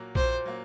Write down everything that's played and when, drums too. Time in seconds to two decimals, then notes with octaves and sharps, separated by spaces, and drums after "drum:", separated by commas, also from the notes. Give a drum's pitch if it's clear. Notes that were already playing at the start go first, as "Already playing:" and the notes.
Already playing: A#2 F#3 A#3
0.15 A#2 C5, drum: kick A#1
0.45 F#3 A#3